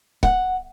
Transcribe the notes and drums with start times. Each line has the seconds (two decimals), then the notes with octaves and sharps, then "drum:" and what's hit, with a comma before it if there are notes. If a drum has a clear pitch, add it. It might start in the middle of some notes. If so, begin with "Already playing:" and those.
0.23 F#5, drum: kick C#1